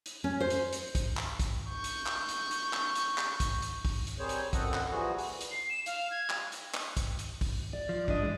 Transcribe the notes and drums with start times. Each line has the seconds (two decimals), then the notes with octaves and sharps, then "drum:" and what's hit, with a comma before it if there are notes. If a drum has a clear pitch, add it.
0.06 drum: hi-hat
0.24 C#4
0.40 C5
0.50 drum: hi-hat
0.73 drum: hi-hat
0.95 drum: kick, hi-hat
1.17 drum: clap
1.39 drum: kick, hi-hat
1.69 C#6 G6
1.84 drum: hi-hat
2.06 drum: clap
2.29 drum: hi-hat
2.51 drum: hi-hat
2.73 drum: clap
2.95 drum: hi-hat
3.18 drum: clap
3.40 drum: kick, hi-hat
3.62 drum: hi-hat
3.85 drum: kick, open hi-hat
4.07 drum: hi-hat
4.19 G3 A#3 C4 G#4 C5 C#5
4.29 drum: hi-hat
4.53 F#2 A#2 C4 A4 D#5 F#5, drum: kick, hi-hat
4.74 drum: clap
4.91 A#2 E3 F3 G3 F#4 G#4
5.18 drum: open hi-hat
5.41 drum: hi-hat
5.51 C7
5.69 E7
5.86 F5, drum: hi-hat
6.11 G#6
6.30 drum: clap
6.52 drum: hi-hat
6.74 drum: clap
6.97 drum: kick, hi-hat
7.19 drum: hi-hat
7.41 drum: kick, open hi-hat
7.73 D5
7.89 F3
8.08 D4 D5 D#5, drum: kick
8.23 E3 G#3